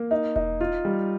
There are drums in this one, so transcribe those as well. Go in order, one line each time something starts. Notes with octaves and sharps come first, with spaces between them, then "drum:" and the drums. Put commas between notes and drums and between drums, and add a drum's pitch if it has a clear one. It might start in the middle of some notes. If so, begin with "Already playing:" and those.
Already playing: A#3
D#4
D#4, drum: kick E1
F4
G3